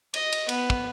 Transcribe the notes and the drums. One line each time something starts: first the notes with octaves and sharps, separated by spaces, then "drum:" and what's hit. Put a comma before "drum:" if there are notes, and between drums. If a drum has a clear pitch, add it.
D#5, drum: cymbal
drum: cymbal
B3, drum: cymbal
drum: kick